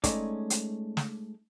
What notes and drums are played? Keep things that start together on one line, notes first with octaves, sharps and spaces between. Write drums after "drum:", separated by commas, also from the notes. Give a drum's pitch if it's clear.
G#3 A3 C#4 D#4 D5, drum: kick, hi-hat
drum: hi-hat
drum: snare